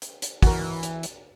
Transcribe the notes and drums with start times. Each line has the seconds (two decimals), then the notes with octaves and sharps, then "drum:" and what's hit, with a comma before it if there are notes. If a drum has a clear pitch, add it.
0.02 drum: hi-hat
0.22 drum: hi-hat
0.42 E3 F#4 A#4, drum: kick, open hi-hat
0.83 drum: hi-hat
1.03 drum: hi-hat